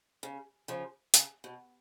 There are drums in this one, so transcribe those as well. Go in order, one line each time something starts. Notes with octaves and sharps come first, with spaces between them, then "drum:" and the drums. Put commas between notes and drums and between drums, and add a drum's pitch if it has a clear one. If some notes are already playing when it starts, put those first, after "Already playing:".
C#3
C#3 F3
C#3, drum: hi-hat
B2